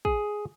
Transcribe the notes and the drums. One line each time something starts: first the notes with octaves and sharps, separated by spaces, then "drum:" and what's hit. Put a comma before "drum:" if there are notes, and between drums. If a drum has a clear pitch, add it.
G#4, drum: kick